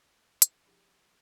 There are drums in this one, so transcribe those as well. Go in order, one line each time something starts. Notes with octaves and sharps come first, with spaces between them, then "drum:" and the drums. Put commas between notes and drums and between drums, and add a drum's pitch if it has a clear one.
drum: hi-hat
F3 D4 E4 G4 G#4 B5